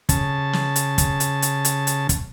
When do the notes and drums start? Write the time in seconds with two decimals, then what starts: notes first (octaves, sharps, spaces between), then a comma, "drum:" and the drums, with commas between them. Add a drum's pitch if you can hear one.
0.09 C#3 A5, drum: kick, hi-hat
0.53 drum: snare
0.76 drum: hi-hat
0.98 drum: kick, hi-hat
1.20 drum: hi-hat
1.42 drum: hi-hat
1.65 drum: hi-hat
1.87 drum: hi-hat
2.09 drum: kick, hi-hat